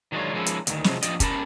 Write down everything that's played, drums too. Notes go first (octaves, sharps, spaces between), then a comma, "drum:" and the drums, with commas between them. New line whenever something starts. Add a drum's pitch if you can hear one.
D#3 F#3 G#3 D4 F4 C#5
F3 G#3 A#3 C#4 D#4 E4
drum: hi-hat
D2 A2 D#3, drum: hi-hat
C3 F3 F#3 G#3, drum: snare
F3 D4 G4 D5 D#5, drum: hi-hat
C#4 G4 A#4 C#5 A5 B5, drum: kick, hi-hat